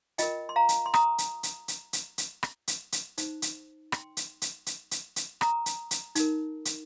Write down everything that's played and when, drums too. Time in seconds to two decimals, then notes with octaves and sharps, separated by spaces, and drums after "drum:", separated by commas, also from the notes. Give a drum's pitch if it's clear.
0.18 F4 A#4 D#5 G5, drum: hi-hat
0.49 C6
0.56 F5 A#5
0.69 drum: hi-hat
0.86 C6
0.94 A#5 D#6, drum: rim click
1.18 drum: hi-hat
1.43 drum: hi-hat
1.68 drum: hi-hat
1.93 drum: hi-hat
2.18 drum: hi-hat
2.43 drum: rim click
2.68 drum: hi-hat
2.92 drum: hi-hat
3.18 D#4 C5, drum: hi-hat
3.42 drum: hi-hat
3.92 G5 C6, drum: rim click
4.17 drum: hi-hat
4.42 drum: hi-hat
4.66 drum: hi-hat
4.91 drum: hi-hat
5.16 drum: hi-hat
5.41 A#5 D#6, drum: rim click
5.66 drum: hi-hat
5.91 drum: hi-hat
6.15 D#4 A#4, drum: hi-hat
6.65 drum: hi-hat